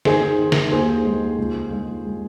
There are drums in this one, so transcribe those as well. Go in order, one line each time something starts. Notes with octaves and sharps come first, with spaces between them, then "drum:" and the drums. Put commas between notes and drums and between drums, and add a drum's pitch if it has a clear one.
D#3 G#4 C5, drum: snare
D#3
drum: snare
D#2 G#4 C5
G#3
C#2
G#3
G#3